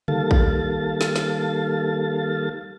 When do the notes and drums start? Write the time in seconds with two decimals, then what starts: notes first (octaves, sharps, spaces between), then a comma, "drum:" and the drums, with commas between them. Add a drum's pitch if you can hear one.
0.08 D#3 G3 A#3 A4 F5 A6, drum: tom C#3
0.31 drum: kick
1.01 drum: snare
1.16 drum: snare